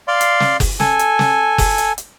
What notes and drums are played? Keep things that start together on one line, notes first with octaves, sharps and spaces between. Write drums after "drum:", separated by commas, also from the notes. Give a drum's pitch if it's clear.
D5 F5 C6
drum: hi-hat
drum: snare
drum: kick F#1, open hi-hat
A4 G#5, drum: snare
drum: hi-hat
drum: snare
drum: kick F#1, open hi-hat
drum: hi-hat
drum: hi-hat